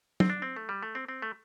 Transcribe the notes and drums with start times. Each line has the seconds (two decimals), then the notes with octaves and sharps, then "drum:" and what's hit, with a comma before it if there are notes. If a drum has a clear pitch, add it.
0.20 C4, drum: tom
0.30 D4
0.42 C4
0.56 A3
0.69 G3
0.83 A3
0.95 C4
1.08 C4
1.22 A3